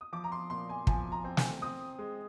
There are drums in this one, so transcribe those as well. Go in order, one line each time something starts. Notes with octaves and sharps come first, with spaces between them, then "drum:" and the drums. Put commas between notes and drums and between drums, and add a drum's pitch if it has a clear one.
D#6
F3 D6
A#5
C6
A#2 C6
G#5
F3 G#5, drum: kick
A#5
C4
G#5, drum: snare
C4 D#6
G#3